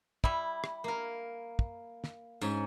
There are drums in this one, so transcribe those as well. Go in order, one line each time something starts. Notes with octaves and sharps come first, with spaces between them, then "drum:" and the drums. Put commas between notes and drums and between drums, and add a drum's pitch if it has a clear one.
G3 E4, drum: kick
drum: rim click
A#3 A#4
drum: kick
drum: snare
G#2 C#4, drum: tambourine